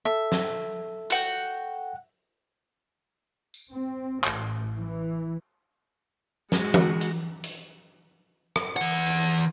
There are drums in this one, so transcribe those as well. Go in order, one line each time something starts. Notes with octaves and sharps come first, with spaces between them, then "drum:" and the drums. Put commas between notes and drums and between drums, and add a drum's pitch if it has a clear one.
A4 E5
drum: snare
F#4 F#5 G5, drum: hi-hat
drum: tambourine
C4
A1, drum: clap
E3
G#3 F#4, drum: snare
drum: tom E3
drum: hi-hat
drum: hi-hat
drum: rim click
E3 F#5
drum: hi-hat